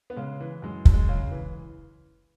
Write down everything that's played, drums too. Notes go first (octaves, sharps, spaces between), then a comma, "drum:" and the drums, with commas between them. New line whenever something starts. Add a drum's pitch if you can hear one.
B3
C#3 G#3
E3
F#2 G#3
F#2, drum: kick
G#3
C#3
E3